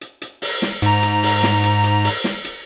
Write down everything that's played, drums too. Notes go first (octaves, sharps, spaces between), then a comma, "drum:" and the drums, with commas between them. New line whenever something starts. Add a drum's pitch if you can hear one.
drum: hi-hat
drum: hi-hat
drum: open hi-hat
drum: snare
G#2 A#5, drum: hi-hat
drum: hi-hat
drum: open hi-hat
drum: snare
drum: hi-hat
drum: hi-hat
drum: open hi-hat
drum: snare
drum: hi-hat